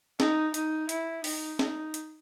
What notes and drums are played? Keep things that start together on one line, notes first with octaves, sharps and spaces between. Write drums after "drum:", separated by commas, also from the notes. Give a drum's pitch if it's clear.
D#4, drum: snare
D#4, drum: hi-hat
E4, drum: hi-hat
D#4, drum: open hi-hat
D#4, drum: snare
drum: hi-hat